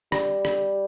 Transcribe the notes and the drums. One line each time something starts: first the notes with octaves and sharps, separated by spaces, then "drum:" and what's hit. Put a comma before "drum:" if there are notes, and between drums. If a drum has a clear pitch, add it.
G3, drum: rim click
drum: rim click